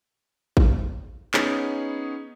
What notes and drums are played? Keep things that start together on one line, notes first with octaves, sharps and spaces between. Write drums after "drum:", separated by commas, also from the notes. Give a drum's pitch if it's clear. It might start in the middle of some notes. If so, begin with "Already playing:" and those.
drum: kick
B3 C#4 D#4 G#4 C#5, drum: clap